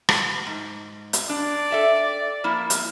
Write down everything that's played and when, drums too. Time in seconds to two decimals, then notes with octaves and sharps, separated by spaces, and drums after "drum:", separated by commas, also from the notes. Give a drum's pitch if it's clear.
0.09 drum: rim click
0.47 G#2
1.13 drum: hi-hat
1.29 D4 D5
1.71 A4 E5 G5
2.44 F3 A#3 E4
2.70 drum: hi-hat